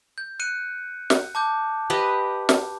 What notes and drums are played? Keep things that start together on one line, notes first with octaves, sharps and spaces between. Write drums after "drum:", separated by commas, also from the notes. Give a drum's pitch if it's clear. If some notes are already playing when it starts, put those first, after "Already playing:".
G6
F#6 C#7 D#7
drum: snare
A5 D6 G6
G4 B4 D#5
drum: snare